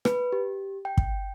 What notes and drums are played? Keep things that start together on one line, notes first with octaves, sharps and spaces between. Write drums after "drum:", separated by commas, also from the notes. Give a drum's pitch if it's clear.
B4, drum: rim click
G4
G5
drum: kick